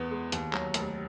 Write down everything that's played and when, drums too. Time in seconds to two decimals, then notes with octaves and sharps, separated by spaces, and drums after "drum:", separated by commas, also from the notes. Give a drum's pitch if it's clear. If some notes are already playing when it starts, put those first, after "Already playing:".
Already playing: E2 B3
0.11 G#3
0.32 D#2, drum: hi-hat
0.53 F#3, drum: clap
0.74 F1, drum: hi-hat